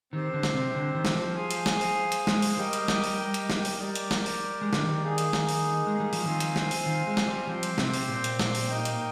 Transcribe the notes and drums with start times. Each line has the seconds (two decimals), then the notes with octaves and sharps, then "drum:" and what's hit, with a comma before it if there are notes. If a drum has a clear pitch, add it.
0.13 D#3 C4 G4 C5
0.34 D3
0.43 drum: snare
0.54 C3
0.74 D3
0.95 D#3
1.05 drum: snare
1.15 F3
1.35 G#4 C5 F5 G#5
1.51 drum: hi-hat
1.66 drum: snare
1.81 drum: open hi-hat
2.12 drum: hi-hat
2.27 G#3, drum: snare
2.42 drum: open hi-hat
2.58 G3 G4 A#4 D#5 G5
2.73 drum: hi-hat
2.88 drum: snare
3.04 drum: open hi-hat
3.34 drum: hi-hat
3.50 drum: snare
3.65 drum: open hi-hat
3.80 G4 A#4 D5
3.95 drum: hi-hat
4.11 drum: snare
4.26 drum: open hi-hat
4.62 G#3
4.73 D3, drum: snare
4.82 D#3
5.03 A#3 D#4 G#4
5.18 drum: hi-hat
5.33 drum: snare
5.49 drum: open hi-hat
5.87 G#3
6.00 G3
6.13 F3, drum: open hi-hat
6.25 D#3 C4 F4 C5 F5 G#5
6.40 drum: hi-hat
6.56 drum: snare
6.71 drum: open hi-hat
6.86 D#3
7.07 G#3
7.17 drum: snare
7.27 G3
7.47 F3 C4 G4 C5 G5
7.63 drum: hi-hat
7.78 C3, drum: snare
7.94 drum: open hi-hat
8.09 A#2
8.24 drum: hi-hat
8.39 drum: snare
8.55 drum: open hi-hat
8.70 A#3 D#4 A#4 D#5 G5
8.85 drum: hi-hat